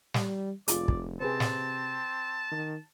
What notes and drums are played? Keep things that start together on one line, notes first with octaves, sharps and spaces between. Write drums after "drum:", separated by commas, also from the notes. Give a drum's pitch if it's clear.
G3, drum: snare
F1 F4 G#4 D5, drum: hi-hat
drum: kick
C3 C4 G#4 B4 C5 A5
drum: snare
D#3